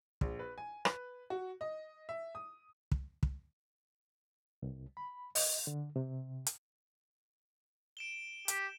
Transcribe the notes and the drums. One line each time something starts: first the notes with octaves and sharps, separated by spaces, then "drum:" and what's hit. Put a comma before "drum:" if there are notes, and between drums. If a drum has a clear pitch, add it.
A#1, drum: kick
B4
G#5
B4, drum: rim click
F#4
D#5
E5
D#6
drum: kick
drum: kick
C2
B5
D#5, drum: open hi-hat
D3
C3
drum: hi-hat
D7 E7 G7
G4, drum: hi-hat